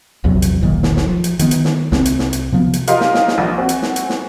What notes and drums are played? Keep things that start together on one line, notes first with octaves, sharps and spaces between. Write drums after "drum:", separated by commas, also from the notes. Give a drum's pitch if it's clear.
A#1 E2 C3 F#3
drum: hi-hat
E1 B1 A#2 D#3
drum: snare
drum: snare
F3
drum: hi-hat
D#3 B3, drum: hi-hat
drum: hi-hat
drum: snare
C2 C4, drum: snare
drum: hi-hat
drum: snare
drum: hi-hat
C3 F3 B3
drum: hi-hat
F4 G4 A#4 D#5 F5 C6, drum: hi-hat
drum: snare
drum: snare
drum: snare
A#1
C4 F#4 G#5
drum: hi-hat
drum: snare
drum: hi-hat
drum: snare